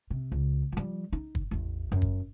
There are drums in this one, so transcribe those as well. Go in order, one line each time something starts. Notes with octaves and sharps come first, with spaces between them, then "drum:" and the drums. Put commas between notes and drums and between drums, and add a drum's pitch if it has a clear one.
C3
C#2
F3 G3
D#4
drum: kick
A1 E2
F#2
drum: kick